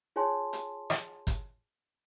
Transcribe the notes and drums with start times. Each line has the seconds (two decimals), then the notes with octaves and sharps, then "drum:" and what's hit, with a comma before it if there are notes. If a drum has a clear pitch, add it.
0.16 F4 G#4 C#5 G#5 A5 C6
0.53 drum: hi-hat
0.90 drum: rim click
1.27 drum: kick G1, hi-hat